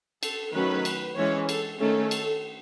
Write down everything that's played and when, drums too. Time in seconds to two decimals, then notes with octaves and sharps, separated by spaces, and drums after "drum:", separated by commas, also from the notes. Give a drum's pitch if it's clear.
0.23 A4, drum: cymbal
0.53 D#3 F#3 A3 C#4 B4
0.85 drum: cymbal
1.16 E3 G#3 C#4 C#5
1.49 A4, drum: cymbal
1.80 D#3 A3 C#4 A4
2.11 drum: cymbal